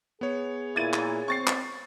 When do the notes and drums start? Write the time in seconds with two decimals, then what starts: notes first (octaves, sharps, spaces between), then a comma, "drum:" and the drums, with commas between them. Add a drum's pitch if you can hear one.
0.21 B3 G#4 C#5
0.76 A#2 E4 G#6 A6 D#7
0.93 drum: clap
1.28 C4 C#6 A6 C7
1.47 drum: clap